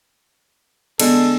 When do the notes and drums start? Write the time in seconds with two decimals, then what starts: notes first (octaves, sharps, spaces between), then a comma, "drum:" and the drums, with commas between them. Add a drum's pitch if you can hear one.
1.00 D3 G#3 B3 A4, drum: cymbal